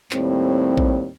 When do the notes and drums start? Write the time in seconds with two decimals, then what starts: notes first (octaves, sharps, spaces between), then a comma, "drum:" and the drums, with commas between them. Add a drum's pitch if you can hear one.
0.11 D#2 A2 G3 C4, drum: clap
0.77 drum: kick A#1